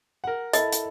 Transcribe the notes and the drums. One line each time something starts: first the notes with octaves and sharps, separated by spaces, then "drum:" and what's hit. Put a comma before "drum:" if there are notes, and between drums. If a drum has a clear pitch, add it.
A#4 F#5
E4 A4 D#5, drum: hi-hat
drum: hi-hat